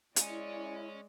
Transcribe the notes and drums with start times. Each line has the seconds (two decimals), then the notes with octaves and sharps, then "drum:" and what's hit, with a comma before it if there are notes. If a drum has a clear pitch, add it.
0.16 G#3 E4 C#5 D5 G#5, drum: hi-hat